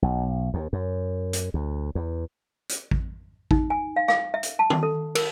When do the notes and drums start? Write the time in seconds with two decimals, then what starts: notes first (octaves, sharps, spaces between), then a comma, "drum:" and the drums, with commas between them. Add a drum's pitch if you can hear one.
0.02 B1
0.54 D#2
0.73 F#2
1.33 drum: hi-hat
1.54 D2
1.95 E2
2.69 drum: hi-hat
2.91 drum: kick A1
3.51 D#4, drum: kick A1
3.70 G#5
3.96 F5
4.08 F5, drum: rim click
4.34 E5
4.43 drum: hi-hat
4.59 A5
4.70 drum: tom D#3
4.83 A4
5.15 A#4, drum: cymbal